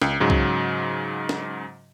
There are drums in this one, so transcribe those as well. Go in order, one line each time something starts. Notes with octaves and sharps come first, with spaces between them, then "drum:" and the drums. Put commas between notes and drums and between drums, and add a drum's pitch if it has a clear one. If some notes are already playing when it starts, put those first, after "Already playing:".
C#2, drum: snare
G#2 C#3 F#3
drum: kick
drum: snare